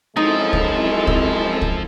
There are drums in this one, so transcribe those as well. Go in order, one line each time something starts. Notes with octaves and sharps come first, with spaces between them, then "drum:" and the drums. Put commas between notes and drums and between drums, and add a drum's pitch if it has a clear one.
F#2 F3 G#3 C4 D#4 E4 A4
drum: kick
drum: kick
drum: kick